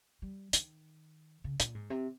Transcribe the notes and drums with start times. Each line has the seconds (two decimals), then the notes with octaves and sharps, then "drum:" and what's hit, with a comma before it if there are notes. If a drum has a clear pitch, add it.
0.22 G3
0.53 D#3, drum: hi-hat
1.44 C#3
1.60 A#2, drum: hi-hat
1.75 G#2
1.90 C3